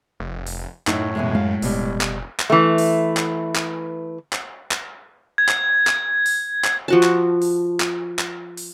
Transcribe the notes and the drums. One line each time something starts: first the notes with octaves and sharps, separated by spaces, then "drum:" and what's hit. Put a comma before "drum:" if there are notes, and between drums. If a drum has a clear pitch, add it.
F1
drum: open hi-hat
F#2 A2 D#4, drum: clap
B2 E3 G#3
G#3 F5
F1 B2 G3, drum: open hi-hat
drum: clap
drum: clap
E3 A3
drum: open hi-hat
drum: clap
drum: clap
drum: clap
drum: clap
G#6
drum: clap
drum: clap
drum: open hi-hat
drum: clap
F3 F#4 A5
drum: clap
drum: open hi-hat
drum: clap
drum: clap
drum: open hi-hat